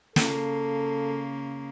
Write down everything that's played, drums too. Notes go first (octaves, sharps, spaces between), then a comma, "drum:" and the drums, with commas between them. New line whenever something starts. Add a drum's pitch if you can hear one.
C#3 A#3 A4, drum: snare